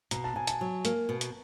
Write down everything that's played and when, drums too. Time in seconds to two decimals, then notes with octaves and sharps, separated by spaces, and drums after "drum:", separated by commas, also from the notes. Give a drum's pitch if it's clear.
0.11 B2 A#5, drum: hi-hat
0.24 A5
0.36 B2 G#5
0.47 A5, drum: hi-hat
0.61 F#3
0.85 A#3, drum: hi-hat
1.09 B2
1.21 drum: hi-hat